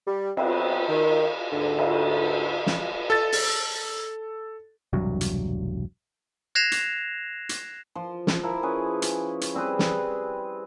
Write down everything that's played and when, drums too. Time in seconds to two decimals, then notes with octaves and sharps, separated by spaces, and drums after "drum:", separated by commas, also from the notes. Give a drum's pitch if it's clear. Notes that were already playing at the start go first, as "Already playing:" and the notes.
0.07 G3
0.37 F#3 B3 C4, drum: cymbal
0.88 D#3
1.53 D2 G#2 D3
1.79 drum: cymbal
2.67 drum: snare
3.10 A4 A6
3.32 drum: open hi-hat
4.93 E1 C2 G2 F#3
5.21 drum: hi-hat
6.55 F#6 G#6 A#6 C7 E7 F7
6.72 drum: hi-hat
7.49 drum: hi-hat
7.95 F3 C6
8.27 drum: snare
8.43 F3 E4 A#4
8.63 C#4 G#4 B4
9.02 drum: hi-hat
9.41 drum: hi-hat
9.54 G3 C4 G#4 B4
9.79 drum: snare